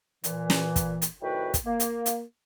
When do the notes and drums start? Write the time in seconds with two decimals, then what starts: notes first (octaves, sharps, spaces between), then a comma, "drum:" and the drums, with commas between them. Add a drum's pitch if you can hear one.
0.24 A#2 E3, drum: hi-hat
0.50 drum: snare
0.76 drum: kick, hi-hat
1.02 drum: hi-hat
1.22 C2 A2 D#3 F#4 B4 G5
1.54 drum: kick, hi-hat
1.65 A#3
1.80 drum: hi-hat
2.06 drum: hi-hat